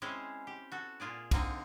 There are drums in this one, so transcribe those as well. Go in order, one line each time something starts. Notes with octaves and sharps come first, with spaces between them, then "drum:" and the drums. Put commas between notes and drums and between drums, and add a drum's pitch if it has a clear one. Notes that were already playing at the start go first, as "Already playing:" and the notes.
G#3 C4 C#4 E4 G#4 C5
G4
F#4 A4
A#2 F4 G#4 D5
D3 A#3 C4 D#4, drum: kick, cymbal